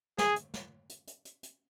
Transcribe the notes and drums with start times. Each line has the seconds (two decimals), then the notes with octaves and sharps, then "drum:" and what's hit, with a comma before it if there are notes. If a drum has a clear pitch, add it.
0.18 G#4, drum: snare
0.36 drum: hi-hat
0.54 drum: snare
0.89 drum: hi-hat
1.07 drum: hi-hat
1.25 drum: hi-hat
1.43 drum: hi-hat